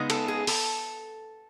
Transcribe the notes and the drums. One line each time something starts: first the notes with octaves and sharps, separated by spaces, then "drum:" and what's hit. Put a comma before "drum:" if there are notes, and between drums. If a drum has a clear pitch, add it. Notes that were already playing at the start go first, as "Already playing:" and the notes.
Already playing: C#3 G#3 B3 D#4
A4, drum: cymbal
G#4
A4, drum: open hi-hat